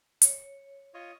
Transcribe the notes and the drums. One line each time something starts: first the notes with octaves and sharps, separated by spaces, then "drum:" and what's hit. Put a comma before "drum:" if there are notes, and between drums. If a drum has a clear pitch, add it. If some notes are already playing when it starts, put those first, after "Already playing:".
C#5, drum: hi-hat
F4 C#5 D#5